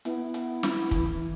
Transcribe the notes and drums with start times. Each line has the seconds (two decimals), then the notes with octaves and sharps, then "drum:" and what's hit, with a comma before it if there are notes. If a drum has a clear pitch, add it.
0.05 B3 E4, drum: hi-hat
0.34 drum: hi-hat
0.63 drum: snare
0.91 E3, drum: kick, hi-hat